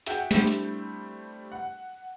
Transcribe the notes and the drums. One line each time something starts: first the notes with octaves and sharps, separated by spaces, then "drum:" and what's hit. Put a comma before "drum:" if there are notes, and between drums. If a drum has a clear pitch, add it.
F#4 G#4 E5 F#5 G5, drum: hi-hat
G3 A3 C4 D4 E4, drum: snare
drum: hi-hat
F#5